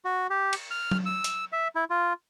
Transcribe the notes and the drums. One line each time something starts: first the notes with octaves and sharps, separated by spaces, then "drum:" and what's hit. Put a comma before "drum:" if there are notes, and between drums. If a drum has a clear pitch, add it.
F#4
G4
drum: cymbal
F6
drum: tom F#3
E6
drum: hi-hat
E5
E4
F4